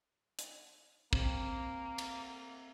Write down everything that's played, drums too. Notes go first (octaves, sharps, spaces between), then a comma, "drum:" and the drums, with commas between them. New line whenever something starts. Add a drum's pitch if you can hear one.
drum: hi-hat
A#3 C4, drum: kick
drum: cymbal